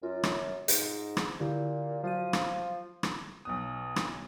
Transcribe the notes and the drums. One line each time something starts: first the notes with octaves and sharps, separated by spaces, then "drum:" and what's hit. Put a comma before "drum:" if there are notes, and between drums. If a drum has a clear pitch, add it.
F#2 F4
drum: rim click
G#2, drum: hi-hat
drum: rim click
A#2 D3 E4 G4
F3 F#3 F#4 D#7
drum: rim click
drum: rim click
B1 B2 D#6
drum: rim click